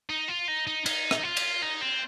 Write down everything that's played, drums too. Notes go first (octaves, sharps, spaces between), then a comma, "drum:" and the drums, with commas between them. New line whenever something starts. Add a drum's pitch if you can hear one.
D#4
F4
D#4
D#4
D#4, drum: cymbal
drum: rim click
F4
drum: cymbal
D#4
C4